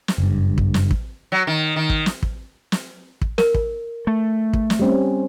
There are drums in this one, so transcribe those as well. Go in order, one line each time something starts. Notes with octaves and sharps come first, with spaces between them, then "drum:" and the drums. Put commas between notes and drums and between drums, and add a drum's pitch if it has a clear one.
drum: snare
F#1 G2
drum: kick
drum: snare
drum: kick
F#3
D#3
D#3
drum: kick
drum: snare
drum: kick
drum: snare
drum: kick
A#4, drum: snare
drum: kick
A3
drum: kick
drum: snare
G3 C4 C#4